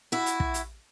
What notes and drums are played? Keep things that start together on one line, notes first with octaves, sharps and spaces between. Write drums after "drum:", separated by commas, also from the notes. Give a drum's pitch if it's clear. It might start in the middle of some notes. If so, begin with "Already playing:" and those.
E4 F#4
drum: hi-hat
drum: kick
drum: hi-hat